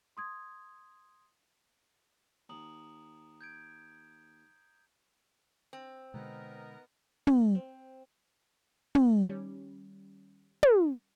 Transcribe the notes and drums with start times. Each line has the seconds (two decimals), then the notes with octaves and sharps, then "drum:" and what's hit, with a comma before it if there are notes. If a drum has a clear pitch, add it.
0.17 C6 D#6 G#6
2.49 D#2 A#5 D#6 F#7
3.41 G6 G#6 D7
5.73 C4
6.14 B2 D3 G#3 B3 D#4 A#4
7.27 drum: tom
7.55 C4
8.95 drum: tom
9.29 D#3 G3 C#4
10.63 drum: tom